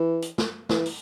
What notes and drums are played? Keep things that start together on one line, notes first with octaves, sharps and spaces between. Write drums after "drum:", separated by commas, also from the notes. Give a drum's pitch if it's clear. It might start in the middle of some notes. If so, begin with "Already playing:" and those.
Already playing: E3
drum: hi-hat
drum: snare
E3, drum: snare
drum: open hi-hat